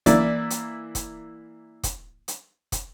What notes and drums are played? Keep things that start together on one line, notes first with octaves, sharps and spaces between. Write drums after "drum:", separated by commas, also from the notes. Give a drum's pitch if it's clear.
E3 A#3 E4 D5, drum: kick, hi-hat
drum: hi-hat
drum: kick, hi-hat
drum: kick, hi-hat
drum: hi-hat
drum: kick, hi-hat